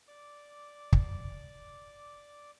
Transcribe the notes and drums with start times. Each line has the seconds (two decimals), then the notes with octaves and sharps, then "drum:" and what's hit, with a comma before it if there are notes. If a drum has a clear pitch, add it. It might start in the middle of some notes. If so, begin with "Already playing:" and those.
0.08 D5 D6
0.93 drum: kick